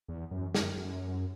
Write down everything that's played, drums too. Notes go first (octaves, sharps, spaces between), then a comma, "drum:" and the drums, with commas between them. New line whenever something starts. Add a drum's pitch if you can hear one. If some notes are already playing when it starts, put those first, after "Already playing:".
E2
F#2
F#2, drum: snare
F#2